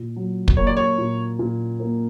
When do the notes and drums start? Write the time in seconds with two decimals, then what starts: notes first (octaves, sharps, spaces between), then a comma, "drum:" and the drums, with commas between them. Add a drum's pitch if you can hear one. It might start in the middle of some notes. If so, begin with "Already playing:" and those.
Already playing: A#2
0.16 F#3
0.48 drum: kick
0.57 A#3 C#5
0.67 D5
0.77 C#5
0.98 A#2
1.39 A#2
1.80 A#3